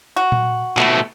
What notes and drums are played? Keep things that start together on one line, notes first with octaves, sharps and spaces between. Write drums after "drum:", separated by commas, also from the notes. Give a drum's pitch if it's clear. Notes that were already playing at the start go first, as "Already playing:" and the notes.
F#4
drum: tom A#2
B2 A3, drum: clap